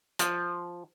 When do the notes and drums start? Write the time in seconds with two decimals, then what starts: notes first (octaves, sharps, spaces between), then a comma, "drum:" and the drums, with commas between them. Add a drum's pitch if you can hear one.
0.19 F3, drum: hi-hat